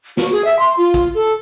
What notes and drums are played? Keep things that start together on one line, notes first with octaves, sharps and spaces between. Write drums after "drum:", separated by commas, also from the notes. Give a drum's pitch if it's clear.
F#4, drum: snare
G#4
E5
C6
F4
drum: kick
A4